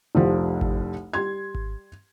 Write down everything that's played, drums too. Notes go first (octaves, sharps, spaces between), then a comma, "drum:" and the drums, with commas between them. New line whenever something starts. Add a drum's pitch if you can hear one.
F1 C2 C3 F3
drum: kick G#1
G3 C6 G#6
drum: kick G#1